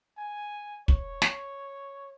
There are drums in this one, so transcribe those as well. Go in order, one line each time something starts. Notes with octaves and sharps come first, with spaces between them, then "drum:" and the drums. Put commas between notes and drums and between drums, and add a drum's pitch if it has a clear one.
G#5
C#5, drum: kick
drum: snare